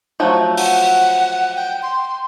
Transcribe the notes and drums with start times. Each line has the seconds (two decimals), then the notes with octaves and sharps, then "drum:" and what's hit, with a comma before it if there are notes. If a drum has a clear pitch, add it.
0.20 F3 F#3 A3
0.57 F#5, drum: open hi-hat
1.56 G5
1.83 C6